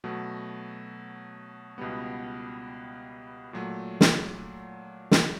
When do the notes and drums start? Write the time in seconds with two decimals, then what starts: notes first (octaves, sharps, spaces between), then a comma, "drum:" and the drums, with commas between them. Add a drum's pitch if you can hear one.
0.04 B2 F#3 A3
1.78 C#2 B2 G3 B3
3.53 A#2 F#3 A3
4.01 drum: snare
5.11 drum: snare